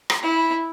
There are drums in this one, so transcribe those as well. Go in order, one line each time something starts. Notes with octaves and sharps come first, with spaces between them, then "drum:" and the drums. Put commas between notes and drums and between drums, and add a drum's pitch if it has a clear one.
drum: rim click
E4